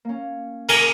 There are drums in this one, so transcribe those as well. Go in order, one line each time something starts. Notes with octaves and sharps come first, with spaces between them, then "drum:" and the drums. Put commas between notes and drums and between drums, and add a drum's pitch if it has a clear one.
A#3 C#4
A#4 G#5, drum: cymbal